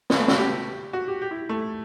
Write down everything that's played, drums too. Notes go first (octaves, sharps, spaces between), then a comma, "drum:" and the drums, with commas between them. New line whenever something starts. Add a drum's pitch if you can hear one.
B3, drum: snare
A3
F#4, drum: snare
G4
F#4
G4
G4
E4
A3